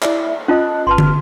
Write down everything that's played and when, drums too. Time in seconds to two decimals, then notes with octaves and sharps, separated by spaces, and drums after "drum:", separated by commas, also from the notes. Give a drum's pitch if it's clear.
0.02 E4 D5 E5, drum: clap
0.48 C#4 F4 D#5 A5 F#6
0.87 G1 B4 A5 C6 F6
0.98 drum: tom